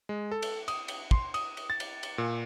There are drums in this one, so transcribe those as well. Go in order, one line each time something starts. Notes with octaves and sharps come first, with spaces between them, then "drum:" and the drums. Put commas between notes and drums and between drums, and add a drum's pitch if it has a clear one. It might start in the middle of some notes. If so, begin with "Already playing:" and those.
G#3
A4
drum: cymbal
D#6, drum: cymbal
drum: cymbal
C6, drum: kick
D#6, drum: cymbal
drum: cymbal
A6
drum: cymbal
drum: cymbal
A#2